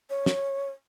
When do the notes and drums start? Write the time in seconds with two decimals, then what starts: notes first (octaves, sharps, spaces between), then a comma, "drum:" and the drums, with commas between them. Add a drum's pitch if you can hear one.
0.10 C#5
0.26 drum: snare